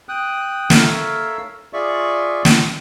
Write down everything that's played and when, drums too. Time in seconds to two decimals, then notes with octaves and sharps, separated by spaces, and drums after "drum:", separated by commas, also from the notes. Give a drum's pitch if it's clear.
0.09 G5 D#6 F#6
0.70 A4 A#4 C#5 E5 F5 E6, drum: snare
1.73 F4 G#4 D5 E5 C#6
2.45 drum: snare